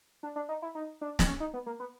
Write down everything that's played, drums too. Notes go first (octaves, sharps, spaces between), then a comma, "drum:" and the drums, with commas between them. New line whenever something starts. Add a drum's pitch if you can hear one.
D4
D4
D#4
E4
D#4
D4
C4, drum: snare
C#4
D#4
B3
A#3
B3